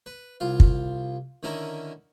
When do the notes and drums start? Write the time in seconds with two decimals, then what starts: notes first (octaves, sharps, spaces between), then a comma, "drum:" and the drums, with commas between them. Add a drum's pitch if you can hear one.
0.06 B4
0.40 C2 F4 F5
0.60 drum: kick
1.43 D3 D#3 C#4 E4 A#4